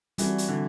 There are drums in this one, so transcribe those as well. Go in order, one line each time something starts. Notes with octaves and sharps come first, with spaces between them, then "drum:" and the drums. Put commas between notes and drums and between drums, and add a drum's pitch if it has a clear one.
E3 G3 C4 F#4 A4, drum: hi-hat
drum: hi-hat
D3